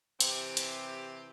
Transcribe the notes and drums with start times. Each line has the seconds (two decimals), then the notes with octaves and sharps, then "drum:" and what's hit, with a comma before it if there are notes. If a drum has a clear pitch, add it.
0.20 C3 E3 C4 G4, drum: hi-hat
0.57 drum: hi-hat